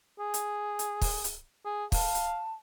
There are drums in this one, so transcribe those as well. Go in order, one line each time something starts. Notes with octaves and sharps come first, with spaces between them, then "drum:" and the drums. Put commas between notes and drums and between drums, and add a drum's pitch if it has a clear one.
G#4
drum: hi-hat
drum: hi-hat
drum: kick, open hi-hat
drum: hi-hat
G#4
F5 A5, drum: kick, open hi-hat
drum: hi-hat